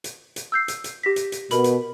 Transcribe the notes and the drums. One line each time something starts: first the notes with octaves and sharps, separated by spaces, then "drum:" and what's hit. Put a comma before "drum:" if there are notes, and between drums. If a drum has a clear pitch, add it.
drum: hi-hat
drum: hi-hat
E6 G6 C7
drum: hi-hat
drum: hi-hat
G4 A#6 B6
drum: hi-hat
drum: hi-hat
B2 A#4 B5 F#7, drum: hi-hat
drum: hi-hat